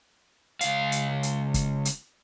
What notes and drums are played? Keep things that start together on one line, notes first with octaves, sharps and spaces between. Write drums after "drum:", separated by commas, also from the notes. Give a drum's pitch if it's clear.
C#2 F5, drum: hi-hat
drum: hi-hat
drum: hi-hat
drum: kick, hi-hat
drum: hi-hat